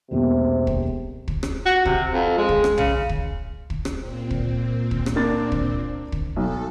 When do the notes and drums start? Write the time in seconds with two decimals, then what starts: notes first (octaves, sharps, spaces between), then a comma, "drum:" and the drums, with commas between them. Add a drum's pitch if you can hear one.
0.11 E1 B1 C3 A#3
0.67 drum: kick
1.28 drum: kick
1.43 drum: rim click
1.66 F#4
1.86 C3, drum: kick
2.13 F2
2.38 G#3
2.49 drum: kick
2.64 drum: rim click
2.78 C#3, drum: tom
3.09 drum: kick
3.70 drum: kick
3.85 drum: rim click
4.00 A#2 C4
4.31 drum: kick
4.91 drum: kick
5.06 drum: rim click
5.15 A#3 D4 A6
5.52 drum: kick
6.12 drum: kick
6.36 B1 A4